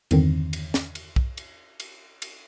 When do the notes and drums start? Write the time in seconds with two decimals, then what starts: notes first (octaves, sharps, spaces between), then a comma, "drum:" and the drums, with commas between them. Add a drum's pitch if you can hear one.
0.11 E2 G2 D3 D#3 C4, drum: cymbal
0.53 drum: cymbal
0.74 drum: snare
0.95 drum: cymbal
1.16 drum: kick B1
1.37 drum: cymbal
1.80 drum: cymbal
2.22 drum: cymbal